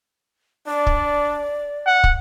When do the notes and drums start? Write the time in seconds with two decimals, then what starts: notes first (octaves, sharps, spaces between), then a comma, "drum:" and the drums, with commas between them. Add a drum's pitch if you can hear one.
0.67 D4 D5
0.87 drum: kick
1.86 F#5
2.04 drum: kick